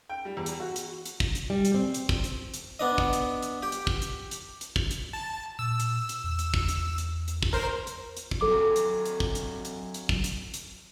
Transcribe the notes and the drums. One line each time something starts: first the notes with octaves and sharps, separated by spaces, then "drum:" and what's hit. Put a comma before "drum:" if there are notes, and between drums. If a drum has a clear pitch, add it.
G5
G3
E2
drum: hi-hat
F#4
drum: hi-hat
drum: hi-hat
drum: kick
drum: hi-hat
G3
drum: hi-hat
C4
drum: hi-hat
drum: kick
drum: hi-hat
drum: hi-hat
B3 D4 D#5
drum: kick
drum: hi-hat
drum: hi-hat
G4 G5
drum: hi-hat
drum: kick
drum: hi-hat
drum: hi-hat
drum: hi-hat
drum: kick
drum: hi-hat
A5
A#2 E6
drum: hi-hat
drum: hi-hat
E2
drum: hi-hat
drum: kick
drum: hi-hat
drum: hi-hat
drum: hi-hat
drum: kick
A#4 C5
drum: hi-hat
drum: hi-hat
drum: kick
F#3 C4 A4 D6
drum: hi-hat
drum: hi-hat
drum: kick
drum: hi-hat
drum: hi-hat
drum: hi-hat
drum: kick
drum: hi-hat
drum: hi-hat